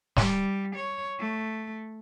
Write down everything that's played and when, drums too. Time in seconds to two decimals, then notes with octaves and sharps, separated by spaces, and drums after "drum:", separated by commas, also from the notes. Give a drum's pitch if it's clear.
0.17 G3, drum: snare
0.75 C#5
1.19 A3